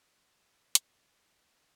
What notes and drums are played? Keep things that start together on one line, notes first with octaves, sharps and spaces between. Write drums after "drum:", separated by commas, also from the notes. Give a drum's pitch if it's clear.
E3
drum: hi-hat
D3